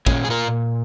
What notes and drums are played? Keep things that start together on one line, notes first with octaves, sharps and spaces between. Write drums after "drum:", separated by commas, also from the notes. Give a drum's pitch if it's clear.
A#2 G#3 C#4, drum: kick
G#4
F4 A#4